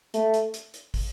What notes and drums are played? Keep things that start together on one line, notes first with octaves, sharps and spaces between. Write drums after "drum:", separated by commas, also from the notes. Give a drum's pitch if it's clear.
A3, drum: hi-hat
drum: hi-hat
drum: hi-hat
drum: hi-hat
drum: kick, open hi-hat